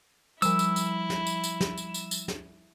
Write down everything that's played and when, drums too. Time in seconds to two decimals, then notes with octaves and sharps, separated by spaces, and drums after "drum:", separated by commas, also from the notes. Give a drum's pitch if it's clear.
0.42 F3 G3 E4 E6, drum: tambourine
0.59 drum: tambourine
0.76 drum: tambourine
1.10 drum: snare
1.27 drum: tambourine
1.44 drum: tambourine
1.61 drum: snare
1.77 drum: tambourine
1.94 drum: tambourine
2.11 drum: tambourine
2.28 drum: snare